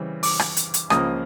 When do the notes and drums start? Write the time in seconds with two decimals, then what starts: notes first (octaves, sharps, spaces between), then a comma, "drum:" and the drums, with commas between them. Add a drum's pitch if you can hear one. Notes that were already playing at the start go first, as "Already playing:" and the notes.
Already playing: C#3 E3 G3 C4
0.23 D6, drum: open hi-hat
0.39 drum: rim click
0.57 drum: hi-hat
0.74 drum: hi-hat
0.90 C#2 C#3 F3 A#3 D#6, drum: rim click